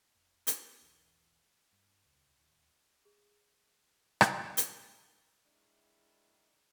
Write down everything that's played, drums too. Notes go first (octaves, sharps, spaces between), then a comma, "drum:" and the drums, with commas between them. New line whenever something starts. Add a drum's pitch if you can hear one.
F1
drum: hi-hat
E1 B1 E3
G2
D#1 C#2
D1 D#2
G#4
drum: rim click
drum: hi-hat
D#3 G#3 D4 E4